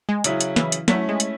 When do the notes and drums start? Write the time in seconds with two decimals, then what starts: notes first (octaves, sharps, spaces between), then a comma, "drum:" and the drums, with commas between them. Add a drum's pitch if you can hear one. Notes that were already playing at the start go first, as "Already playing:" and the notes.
0.09 G#3
0.24 C#3 F#3 C#4 E4, drum: hi-hat
0.41 drum: hi-hat
0.56 E3, drum: snare
0.72 drum: hi-hat
0.88 F#3 A3 C#4 E4, drum: snare
1.09 G#3
1.20 drum: hi-hat